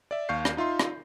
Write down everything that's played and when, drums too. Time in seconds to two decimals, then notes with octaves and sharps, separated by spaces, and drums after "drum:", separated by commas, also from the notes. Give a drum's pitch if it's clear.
0.11 D5 E5
0.29 D#2 F5 C#6 G6 C7
0.45 drum: rim click
0.57 D#4 F4 E5 C6
0.80 drum: rim click